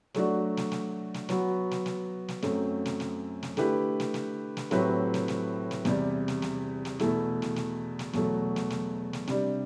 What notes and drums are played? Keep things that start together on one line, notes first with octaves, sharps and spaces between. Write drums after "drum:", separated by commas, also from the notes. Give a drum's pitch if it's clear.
F#3 A3 D4 F#4, drum: snare
drum: snare
drum: snare
drum: snare
F#3 B3 F#4, drum: snare
drum: snare
drum: snare
drum: snare
F#2 F#3 A3 C4, drum: snare
drum: snare
drum: snare
drum: snare
D3 A3 E4 G4 B4, drum: snare
drum: snare
drum: snare
drum: snare
A2 F#3 C4 G4 B4, drum: snare
drum: snare
drum: snare
drum: snare
E2 C3 G3, drum: snare
drum: snare
drum: snare
drum: snare
E2 B2 A3 E4, drum: snare
drum: snare
drum: snare
drum: snare
E2 B2 F#3 A3, drum: snare
drum: snare
drum: snare
drum: snare
C3 G3 D4, drum: snare